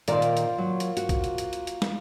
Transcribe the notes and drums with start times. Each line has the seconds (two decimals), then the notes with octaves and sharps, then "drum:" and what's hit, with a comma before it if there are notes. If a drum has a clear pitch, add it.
0.08 A#2 D#3 A#3 F4 C5 D5, drum: hi-hat
0.22 drum: hi-hat
0.37 drum: hi-hat
0.58 F#3
0.80 drum: hi-hat
0.97 F#4, drum: hi-hat
1.09 drum: kick A#1, hi-hat
1.24 drum: hi-hat
1.38 drum: hi-hat
1.53 drum: hi-hat
1.67 drum: hi-hat
1.82 drum: snare